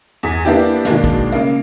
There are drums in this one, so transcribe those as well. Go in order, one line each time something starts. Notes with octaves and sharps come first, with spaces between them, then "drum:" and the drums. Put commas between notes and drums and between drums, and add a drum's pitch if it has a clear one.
E2 G#4 B6
A#3 B3 D4 E4 G4
B2 D#3 G#3 A#3 D4, drum: snare
drum: kick
C#3 A#3